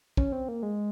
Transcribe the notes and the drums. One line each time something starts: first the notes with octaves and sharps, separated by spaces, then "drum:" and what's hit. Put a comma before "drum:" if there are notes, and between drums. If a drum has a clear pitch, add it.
C#4, drum: kick
C4
A#3
G#3